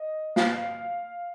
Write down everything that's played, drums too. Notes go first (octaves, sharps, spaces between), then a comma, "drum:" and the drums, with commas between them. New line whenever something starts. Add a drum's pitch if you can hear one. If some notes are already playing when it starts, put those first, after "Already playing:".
Already playing: D#5
F5, drum: snare